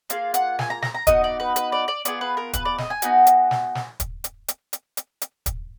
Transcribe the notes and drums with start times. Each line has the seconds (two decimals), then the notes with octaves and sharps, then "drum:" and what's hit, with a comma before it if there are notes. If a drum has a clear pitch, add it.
0.10 A#3 F4 G#4 F5, drum: hi-hat
0.34 F#5, drum: hi-hat
0.59 G#5, drum: snare
0.70 A#5
0.82 A#5, drum: snare
0.94 A#5
1.07 B3 D#4 F#4 D#5, drum: kick, hi-hat
1.24 D5
1.40 B4
1.56 B4, drum: hi-hat
1.72 D5
1.88 D5
2.05 B3 F4 G#4 D5, drum: hi-hat
2.21 B4
2.37 A#4
2.53 B4, drum: kick, hi-hat
2.65 D5
2.78 D#5, drum: snare
2.90 G#5
3.02 B3 D#4 F#4, drum: hi-hat
3.27 drum: hi-hat
3.51 drum: snare
3.75 drum: snare
4.00 drum: kick, hi-hat
4.24 drum: hi-hat
4.48 drum: hi-hat
4.73 drum: hi-hat
4.97 drum: hi-hat
5.21 drum: hi-hat
5.46 drum: kick, hi-hat